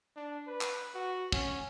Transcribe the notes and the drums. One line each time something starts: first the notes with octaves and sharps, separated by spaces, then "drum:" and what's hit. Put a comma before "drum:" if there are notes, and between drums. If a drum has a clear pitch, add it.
D4
B4
drum: clap
F#4
C#4, drum: kick